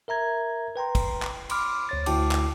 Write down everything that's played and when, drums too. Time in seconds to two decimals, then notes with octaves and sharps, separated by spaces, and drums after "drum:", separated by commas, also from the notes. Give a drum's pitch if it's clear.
0.08 A#4 E5 A#5 G#6
0.76 B4 G5 A#5 C6
0.95 drum: kick, cymbal
1.22 drum: clap
1.50 B5 C6 D6 F6, drum: cymbal
1.89 D2 C#5 A6
2.06 D2 E4 F#4 G5 A5 D6, drum: cymbal
2.31 drum: clap